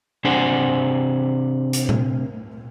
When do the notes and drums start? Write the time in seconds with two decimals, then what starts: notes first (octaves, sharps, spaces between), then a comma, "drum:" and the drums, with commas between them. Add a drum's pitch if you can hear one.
0.25 C3 D4 G#4 C5 F#5
1.73 drum: hi-hat
1.89 drum: tom A#2